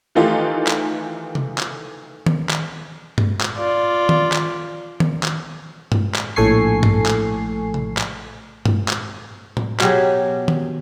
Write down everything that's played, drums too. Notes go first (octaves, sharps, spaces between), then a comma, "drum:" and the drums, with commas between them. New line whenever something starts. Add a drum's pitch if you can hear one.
D#3 E3 A3 D#4 F4 G4
drum: clap
drum: tom C3
drum: clap
drum: tom D#3
drum: clap
drum: tom G2
drum: clap
F4 D5
drum: tom D#3
drum: clap
drum: tom D#3
drum: clap
drum: tom G2
drum: clap
A#1 A2 A4 G#5 C#6 C7
drum: tom G2
drum: clap
drum: tom C3
drum: clap
drum: tom G2
drum: clap
drum: tom A2
B2 F#3 G4 G#4, drum: clap
drum: tom D#3